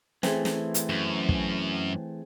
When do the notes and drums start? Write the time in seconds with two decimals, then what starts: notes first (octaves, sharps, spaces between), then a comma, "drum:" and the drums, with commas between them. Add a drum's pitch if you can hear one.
0.23 E3 A3 C4 G#4, drum: snare
0.45 drum: snare
0.74 drum: hi-hat
0.89 F#2
1.29 drum: kick